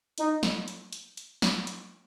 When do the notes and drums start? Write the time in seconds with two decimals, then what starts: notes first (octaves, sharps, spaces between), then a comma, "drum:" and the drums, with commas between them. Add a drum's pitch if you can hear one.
0.18 D#4, drum: hi-hat
0.43 drum: snare
0.68 drum: hi-hat
0.93 drum: hi-hat
1.17 drum: hi-hat
1.42 drum: snare
1.67 drum: hi-hat